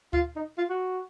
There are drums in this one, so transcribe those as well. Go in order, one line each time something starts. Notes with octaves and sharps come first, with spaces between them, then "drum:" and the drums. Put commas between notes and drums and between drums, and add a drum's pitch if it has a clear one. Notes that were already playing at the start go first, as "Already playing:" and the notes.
F4, drum: kick D2
D#4
F4
F#4